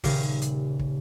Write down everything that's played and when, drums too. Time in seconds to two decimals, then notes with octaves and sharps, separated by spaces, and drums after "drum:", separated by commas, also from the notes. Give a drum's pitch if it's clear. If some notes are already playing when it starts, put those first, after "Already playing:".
0.04 D#1 C#3 G4 A#4 C7, drum: kick, open hi-hat
0.42 drum: hi-hat
0.79 drum: kick